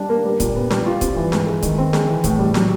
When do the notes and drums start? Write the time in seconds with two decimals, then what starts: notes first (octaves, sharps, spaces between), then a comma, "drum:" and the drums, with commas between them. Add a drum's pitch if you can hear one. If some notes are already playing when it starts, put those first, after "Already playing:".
Already playing: G3 D4
0.09 A#3
0.24 G3
0.40 A#2, drum: kick, hi-hat
0.56 B3
0.70 G3, drum: snare
0.86 F4
1.01 C4, drum: kick, hi-hat
1.16 E3
1.32 G#2, drum: snare
1.47 G#3
1.63 D#3, drum: kick, hi-hat
1.78 C4
1.93 G#3, drum: snare
2.08 E3
2.24 A2, drum: kick, hi-hat
2.39 G3
2.54 F#3, drum: snare